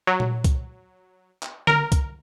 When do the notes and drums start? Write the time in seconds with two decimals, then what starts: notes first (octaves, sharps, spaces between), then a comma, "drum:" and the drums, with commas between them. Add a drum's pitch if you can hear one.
0.07 F#3
0.20 drum: tom A#2
0.44 drum: kick C2, hi-hat
1.43 drum: clap
1.67 A#4, drum: tom D3
1.92 drum: kick C2, hi-hat